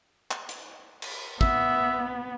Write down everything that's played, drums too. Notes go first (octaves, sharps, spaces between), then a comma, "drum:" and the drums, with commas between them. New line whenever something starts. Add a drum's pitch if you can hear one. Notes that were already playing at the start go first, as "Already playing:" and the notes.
drum: clap
drum: hi-hat
drum: cymbal
B3 E5, drum: kick